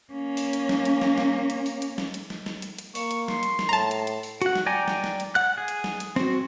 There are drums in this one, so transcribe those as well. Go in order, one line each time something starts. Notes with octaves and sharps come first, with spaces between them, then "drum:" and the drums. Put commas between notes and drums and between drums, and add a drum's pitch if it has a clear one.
A#3 C#4
drum: open hi-hat
drum: hi-hat
drum: snare
drum: hi-hat
drum: snare
drum: snare
drum: hi-hat
drum: open hi-hat
drum: hi-hat
drum: snare
drum: hi-hat
drum: snare
drum: snare
drum: hi-hat
drum: hi-hat
A#3 C#6, drum: open hi-hat
drum: hi-hat
C6, drum: snare
drum: hi-hat
drum: snare
A2 A5 A#5
drum: hi-hat
drum: hi-hat
drum: open hi-hat
F#4 F#5, drum: hi-hat
drum: snare
D5 G5 G#5 A#5
drum: snare
drum: snare
drum: hi-hat
F#5 F#6, drum: hi-hat
G#4
drum: hi-hat
drum: snare
drum: hi-hat
C4 F#4, drum: snare